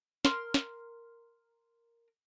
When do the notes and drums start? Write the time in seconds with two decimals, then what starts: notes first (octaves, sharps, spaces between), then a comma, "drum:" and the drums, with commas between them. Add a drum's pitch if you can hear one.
0.25 A#4 C6 F6, drum: snare
0.54 drum: snare